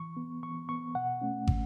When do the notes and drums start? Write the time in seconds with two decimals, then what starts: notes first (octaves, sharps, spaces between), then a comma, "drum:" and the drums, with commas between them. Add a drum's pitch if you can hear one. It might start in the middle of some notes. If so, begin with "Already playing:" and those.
Already playing: E3 C#6
0.17 B3
0.43 E3 C#6
0.69 B3 C#6
0.95 B2 F#5
1.21 A3 C#4
1.47 B2, drum: kick